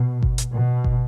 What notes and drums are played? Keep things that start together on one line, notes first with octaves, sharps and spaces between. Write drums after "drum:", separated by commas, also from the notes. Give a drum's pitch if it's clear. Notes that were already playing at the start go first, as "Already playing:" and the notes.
Already playing: B2
drum: kick G1
drum: hi-hat
B2
drum: kick G1